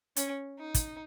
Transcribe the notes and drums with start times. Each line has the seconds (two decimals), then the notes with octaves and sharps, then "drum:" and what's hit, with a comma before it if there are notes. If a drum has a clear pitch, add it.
0.16 C#4, drum: hi-hat
0.60 D#4
0.74 drum: kick, hi-hat